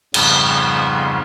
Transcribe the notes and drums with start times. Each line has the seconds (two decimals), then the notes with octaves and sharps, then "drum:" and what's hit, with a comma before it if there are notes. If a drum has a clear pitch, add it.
0.14 F2 G#2 C#3 F3 G3 B3, drum: cymbal